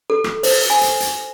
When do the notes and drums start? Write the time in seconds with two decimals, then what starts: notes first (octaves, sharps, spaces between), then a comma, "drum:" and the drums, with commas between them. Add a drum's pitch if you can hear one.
0.10 A4
0.24 drum: rim click
0.43 C5, drum: open hi-hat
0.70 G#5
0.81 drum: hi-hat
1.00 drum: hi-hat